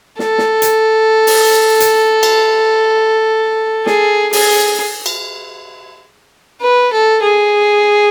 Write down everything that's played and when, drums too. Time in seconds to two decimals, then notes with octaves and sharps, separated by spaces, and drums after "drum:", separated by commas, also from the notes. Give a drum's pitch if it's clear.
0.19 A4, drum: snare
0.38 drum: snare
0.62 drum: hi-hat
1.27 drum: open hi-hat
1.80 drum: hi-hat
2.23 drum: cymbal
3.86 G#4, drum: snare
4.33 G#4, drum: open hi-hat
5.06 drum: cymbal
6.62 B4
6.93 A4
7.22 G#4